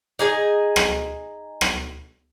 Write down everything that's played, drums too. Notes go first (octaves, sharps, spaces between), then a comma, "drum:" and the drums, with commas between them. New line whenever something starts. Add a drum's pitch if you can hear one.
D#4 G#4 G#5
drum: rim click
drum: rim click